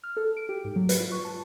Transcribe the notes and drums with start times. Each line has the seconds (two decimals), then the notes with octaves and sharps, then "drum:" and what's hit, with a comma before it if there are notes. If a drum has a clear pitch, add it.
0.04 F6
0.17 A4
0.37 D7
0.49 G4
0.64 G#2
0.76 F#3
0.89 B4, drum: hi-hat
1.00 F4
1.12 C#6
1.25 A5